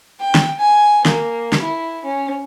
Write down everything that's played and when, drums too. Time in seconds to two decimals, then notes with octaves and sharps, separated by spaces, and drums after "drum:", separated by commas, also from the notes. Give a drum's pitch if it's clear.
0.20 G5
0.35 drum: snare
0.59 G#5
1.05 A#3, drum: snare
1.52 drum: snare
1.62 E4
2.05 C#4